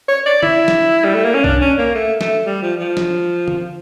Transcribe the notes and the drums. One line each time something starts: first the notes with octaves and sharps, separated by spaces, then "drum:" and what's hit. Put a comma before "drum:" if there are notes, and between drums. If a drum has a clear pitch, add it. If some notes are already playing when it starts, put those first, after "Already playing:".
C#5
D5
E4, drum: tom
drum: snare
G3
A3
A#3
C#4
D4, drum: kick B1
C#4
A#3
A3
A3, drum: snare
G3
F3
F3
drum: snare
drum: tom